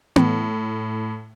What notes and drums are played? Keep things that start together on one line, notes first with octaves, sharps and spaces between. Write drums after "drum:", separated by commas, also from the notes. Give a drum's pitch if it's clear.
A2, drum: tom B3